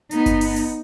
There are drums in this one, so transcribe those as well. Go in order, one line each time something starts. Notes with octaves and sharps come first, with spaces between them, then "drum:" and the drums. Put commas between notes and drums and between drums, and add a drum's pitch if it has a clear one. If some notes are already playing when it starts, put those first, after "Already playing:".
B3 D#4, drum: hi-hat
drum: kick G1, hi-hat
drum: open hi-hat
drum: hi-hat